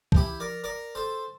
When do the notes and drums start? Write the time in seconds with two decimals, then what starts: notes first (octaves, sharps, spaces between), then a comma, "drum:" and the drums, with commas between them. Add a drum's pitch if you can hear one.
0.12 F3, drum: kick B1
0.16 E3 E4 G4
0.39 F3 A#4 D5
0.64 A#4 D5
0.95 A4 C5